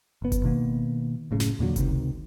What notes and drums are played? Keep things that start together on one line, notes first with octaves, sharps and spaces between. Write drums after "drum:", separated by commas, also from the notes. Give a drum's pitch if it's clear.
F#1 B3
drum: kick F#1, hi-hat
B2 D#3 A#3 B3
F#1 A2 C#3
drum: snare
E2 A#2 D3 F#3
C#2 C3 D#3, drum: kick F#1, hi-hat